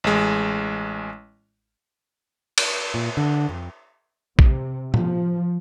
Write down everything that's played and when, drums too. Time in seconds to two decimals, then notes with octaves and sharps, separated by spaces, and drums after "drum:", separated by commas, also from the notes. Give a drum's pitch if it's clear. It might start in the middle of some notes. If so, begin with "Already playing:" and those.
0.04 A1 G#3
2.58 drum: cymbal
2.94 A#2
3.17 D3
3.49 F2
4.39 C3, drum: kick A#1
4.94 F3, drum: tom A2